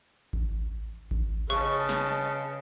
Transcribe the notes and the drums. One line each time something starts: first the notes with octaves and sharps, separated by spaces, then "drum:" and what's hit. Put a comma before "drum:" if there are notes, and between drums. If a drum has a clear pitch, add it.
drum: kick A1
drum: kick A1
C#3 B4 D#5 A5 C#6
drum: snare